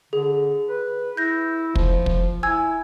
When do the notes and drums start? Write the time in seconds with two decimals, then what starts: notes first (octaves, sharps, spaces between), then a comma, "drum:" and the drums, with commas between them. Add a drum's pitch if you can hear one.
0.13 D3 G#4
0.69 B4
1.17 E4 G6 A#6
1.75 F3, drum: kick
2.06 drum: kick
2.43 E4 G#5 E6 G#6